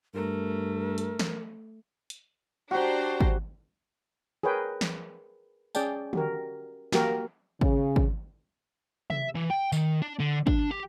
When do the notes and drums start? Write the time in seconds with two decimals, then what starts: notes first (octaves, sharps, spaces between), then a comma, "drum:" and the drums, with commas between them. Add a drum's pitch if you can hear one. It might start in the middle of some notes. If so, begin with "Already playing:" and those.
0.14 G2 A3 A#4
0.98 drum: hi-hat
1.19 drum: snare
2.10 drum: hi-hat
2.71 D4 F#4 G4 C5 A#5
3.20 drum: kick G#1
4.43 G#4 A#4 B4 C#5 G5
4.81 drum: snare
5.75 C#4 G#4 D5 G5 A5, drum: tambourine
6.13 F#4 G4 A#4, drum: tom D3
6.92 A#3 F#4 G4 A#4, drum: snare
7.61 C#3, drum: kick G#1
7.96 drum: kick G#1
9.10 E5, drum: tom C3
9.35 E3
9.50 G5
9.72 D#3, drum: tambourine
10.02 D4
10.20 D3
10.47 D4, drum: kick G#1
10.71 G4